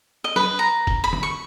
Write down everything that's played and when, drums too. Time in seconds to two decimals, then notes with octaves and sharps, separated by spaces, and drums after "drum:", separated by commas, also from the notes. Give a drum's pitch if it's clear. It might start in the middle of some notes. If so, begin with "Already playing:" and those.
0.24 D#5
0.36 B4, drum: snare
0.59 A#5
0.87 drum: kick, hi-hat
1.04 B5
1.13 drum: tom D3
1.23 C#6